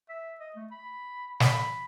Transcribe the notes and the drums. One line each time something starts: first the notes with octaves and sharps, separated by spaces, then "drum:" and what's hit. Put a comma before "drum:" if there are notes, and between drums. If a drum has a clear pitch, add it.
E5
D#5
A3
B5
B5, drum: snare